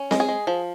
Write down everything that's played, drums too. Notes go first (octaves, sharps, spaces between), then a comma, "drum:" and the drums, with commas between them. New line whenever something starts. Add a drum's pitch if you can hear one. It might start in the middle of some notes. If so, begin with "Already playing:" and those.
Already playing: C#4
G#3, drum: snare C4
G#4
G#3
F3